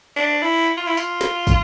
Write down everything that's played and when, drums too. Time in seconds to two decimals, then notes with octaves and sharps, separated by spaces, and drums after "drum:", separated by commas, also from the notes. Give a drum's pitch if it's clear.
0.17 D4
0.42 E4
0.77 F4
0.87 E4
0.97 F4, drum: tambourine
1.21 drum: snare
1.47 drum: kick, tambourine